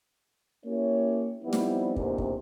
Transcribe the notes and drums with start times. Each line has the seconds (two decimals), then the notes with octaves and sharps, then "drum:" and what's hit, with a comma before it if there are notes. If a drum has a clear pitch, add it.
0.65 A#3 C#4 E4 G4 C#5
1.43 F3 G3 B3 C4 D#4 E4
1.53 drum: snare
1.96 A#1 E2 G#2 C3, drum: kick
2.18 drum: kick